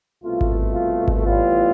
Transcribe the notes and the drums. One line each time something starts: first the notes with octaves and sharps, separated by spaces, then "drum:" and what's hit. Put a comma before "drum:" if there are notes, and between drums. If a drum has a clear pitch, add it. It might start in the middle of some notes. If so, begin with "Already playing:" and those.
C2 B2 A3 F4
drum: kick G#1
F4
drum: kick G#1
A2 E3 G3 B3 F4